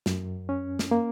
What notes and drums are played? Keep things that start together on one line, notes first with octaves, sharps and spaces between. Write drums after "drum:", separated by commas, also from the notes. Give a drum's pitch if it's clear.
F#2, drum: snare
C#4
drum: snare
A#3